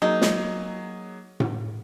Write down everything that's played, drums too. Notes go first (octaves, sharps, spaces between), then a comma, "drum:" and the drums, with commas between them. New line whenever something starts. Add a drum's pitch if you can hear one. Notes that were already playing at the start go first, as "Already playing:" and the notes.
F#3 A#3 D#4 G#4
drum: snare
drum: tom A2